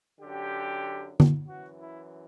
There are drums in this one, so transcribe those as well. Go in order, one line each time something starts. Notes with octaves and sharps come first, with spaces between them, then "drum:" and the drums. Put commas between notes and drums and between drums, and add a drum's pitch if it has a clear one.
F#2 D3 G4
drum: tom D3
F#2 E3 F#4
E4